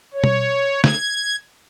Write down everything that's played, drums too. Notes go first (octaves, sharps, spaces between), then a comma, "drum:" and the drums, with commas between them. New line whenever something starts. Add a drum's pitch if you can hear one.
C#5
drum: tom B2
G#6, drum: snare